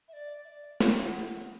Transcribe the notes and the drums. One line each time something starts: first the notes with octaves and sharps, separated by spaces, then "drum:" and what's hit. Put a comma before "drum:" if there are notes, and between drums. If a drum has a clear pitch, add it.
E5
D5
E5
D5
F#5, drum: snare